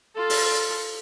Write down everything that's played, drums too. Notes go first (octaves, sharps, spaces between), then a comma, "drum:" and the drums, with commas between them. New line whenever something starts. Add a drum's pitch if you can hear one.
F4 A4
drum: open hi-hat